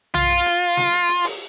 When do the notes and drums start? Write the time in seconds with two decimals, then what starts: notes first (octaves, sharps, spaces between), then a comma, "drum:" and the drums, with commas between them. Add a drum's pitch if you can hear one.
0.14 F4, drum: tom B1
0.30 drum: hi-hat
0.46 drum: hi-hat
0.77 drum: snare
0.93 drum: hi-hat
1.09 drum: hi-hat
1.24 drum: open hi-hat